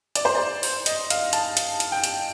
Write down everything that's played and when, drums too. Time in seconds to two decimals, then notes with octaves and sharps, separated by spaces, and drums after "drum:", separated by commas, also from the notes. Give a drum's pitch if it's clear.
0.16 D5, drum: hi-hat
0.25 C5
0.35 D5
0.63 drum: open hi-hat
0.86 D#5, drum: hi-hat
1.10 F5, drum: hi-hat
1.33 A5, drum: hi-hat
1.57 drum: hi-hat
1.80 drum: hi-hat
1.92 G5
2.04 drum: hi-hat